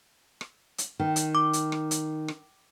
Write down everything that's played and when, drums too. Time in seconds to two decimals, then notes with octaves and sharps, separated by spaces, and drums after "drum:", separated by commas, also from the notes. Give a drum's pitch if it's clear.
0.41 drum: rim click
0.78 drum: hi-hat
0.99 D#3
1.16 drum: hi-hat
1.35 D6
1.53 drum: hi-hat
1.72 drum: rim click
1.91 drum: hi-hat
2.28 drum: rim click